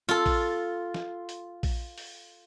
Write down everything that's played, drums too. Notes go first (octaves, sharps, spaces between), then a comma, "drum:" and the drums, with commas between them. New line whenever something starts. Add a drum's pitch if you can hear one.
F4 A4
drum: kick A#1, open hi-hat
drum: snare
drum: hi-hat
drum: kick A#1, open hi-hat
drum: open hi-hat